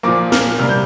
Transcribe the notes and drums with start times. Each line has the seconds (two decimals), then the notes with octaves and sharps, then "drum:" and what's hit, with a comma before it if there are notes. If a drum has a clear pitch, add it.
0.03 A#2 F3 A#3 D6
0.32 F6, drum: snare
0.59 C3 G3 A#3 F6
0.69 G6